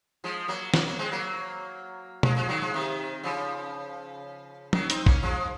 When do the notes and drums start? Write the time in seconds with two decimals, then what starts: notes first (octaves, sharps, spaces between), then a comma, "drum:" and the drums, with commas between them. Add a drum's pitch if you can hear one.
0.24 F3 G#3
0.48 F#3 A#3
0.74 F#3 A#3, drum: snare
0.86 F#3 A#3
0.99 G#3 C4
1.11 F#3 A#3
2.23 F3 G#3, drum: tom B2
2.36 F3 G#3
2.49 D#3 F#3
2.61 F3 G#3
2.74 C3 D#3
3.23 C#3 F3
4.73 D#3 F#3, drum: tom
4.90 C4 D#4, drum: hi-hat
5.06 A#3 C#4, drum: kick
5.23 F3 G#3